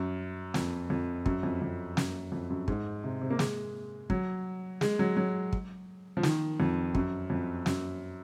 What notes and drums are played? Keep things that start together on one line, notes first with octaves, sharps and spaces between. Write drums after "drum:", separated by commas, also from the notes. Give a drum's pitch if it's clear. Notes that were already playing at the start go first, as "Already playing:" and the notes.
Already playing: F#2
F2, drum: snare
F2
F#2, drum: kick
F2
F2
F#2, drum: snare
F2
F#2
G#2, drum: kick
C3
C3
A#3
G#3, drum: snare
F#3, drum: kick
G#3, drum: snare
F#3
F#3
drum: kick
F3
D#3, drum: snare
F2
F#2, drum: kick
F2
F#2, drum: snare